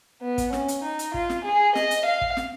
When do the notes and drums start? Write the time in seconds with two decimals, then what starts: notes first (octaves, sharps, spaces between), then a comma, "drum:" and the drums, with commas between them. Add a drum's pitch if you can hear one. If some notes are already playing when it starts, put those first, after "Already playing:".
0.22 B3
0.38 drum: kick, hi-hat
0.53 C#4, drum: snare
0.68 drum: hi-hat
0.83 D#4
0.99 drum: hi-hat
1.14 F4, drum: kick
1.30 drum: snare
1.45 G#4
1.75 D#5, drum: snare
1.91 drum: hi-hat
2.06 F5
2.21 drum: kick
2.37 drum: snare